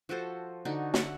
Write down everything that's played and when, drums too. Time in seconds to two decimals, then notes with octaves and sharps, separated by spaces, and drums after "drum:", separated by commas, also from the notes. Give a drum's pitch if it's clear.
0.09 F3 F#4 A4 C5
0.65 D3 D#4 F#4
0.94 E5 F#5, drum: snare